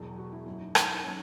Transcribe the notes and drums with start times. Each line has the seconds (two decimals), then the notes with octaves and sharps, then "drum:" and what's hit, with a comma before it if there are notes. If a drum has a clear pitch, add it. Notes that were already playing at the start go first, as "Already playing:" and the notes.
Already playing: E1 E2 B2 F#3
0.18 F#4
0.32 E4
0.46 F#1 F#2 E3 E4
0.60 D#4
0.75 D#4, drum: rim click
0.83 E4
0.93 D#4
1.03 D#3 F#3 C#4